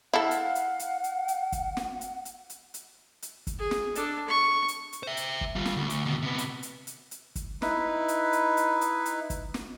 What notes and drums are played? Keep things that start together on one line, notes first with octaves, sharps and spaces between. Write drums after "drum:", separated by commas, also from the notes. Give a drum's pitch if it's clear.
E4 A4 F5 F#5
drum: hi-hat
drum: hi-hat
drum: hi-hat
drum: hi-hat
drum: hi-hat
drum: kick, hi-hat
drum: snare
drum: hi-hat
drum: hi-hat
drum: hi-hat
drum: hi-hat
drum: hi-hat
drum: kick, hi-hat
G#4
drum: snare
D4 A4, drum: hi-hat
C#6
drum: hi-hat
drum: hi-hat
C5 E5
drum: hi-hat
drum: kick
G3 F4
drum: snare
D2
drum: hi-hat
D#2 B2
C3 B3
drum: hi-hat
drum: hi-hat
drum: hi-hat
drum: hi-hat
drum: kick, hi-hat
D#4 E4 B4, drum: snare
drum: hi-hat
drum: hi-hat
drum: hi-hat
drum: hi-hat
drum: hi-hat
drum: kick, hi-hat
drum: snare